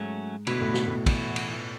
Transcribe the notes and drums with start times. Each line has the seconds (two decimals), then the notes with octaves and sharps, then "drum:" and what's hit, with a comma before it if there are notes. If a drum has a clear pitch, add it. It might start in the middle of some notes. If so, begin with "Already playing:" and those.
Already playing: G#2 F#3 A3 C#4
0.47 B2 D3 A3 E4 B4, drum: cymbal
0.61 A2
0.74 B2, drum: snare
0.87 A2
1.06 E3 B3 F#4, drum: kick, cymbal
1.36 drum: cymbal